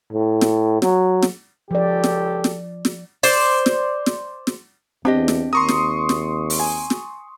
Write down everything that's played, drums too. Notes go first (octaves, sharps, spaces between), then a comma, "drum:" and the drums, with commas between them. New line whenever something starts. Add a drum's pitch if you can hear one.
A2
drum: snare
F#3, drum: snare
drum: snare
C#2 F3 G4 A4 D5
drum: snare
drum: snare
drum: snare
C5 D5, drum: open hi-hat
drum: snare
drum: snare
drum: snare
E2 C4 D4 G4 D#5
drum: snare
D#2 A#4 C6 C#6 D#6
drum: snare
drum: snare
drum: open hi-hat
G#5
drum: snare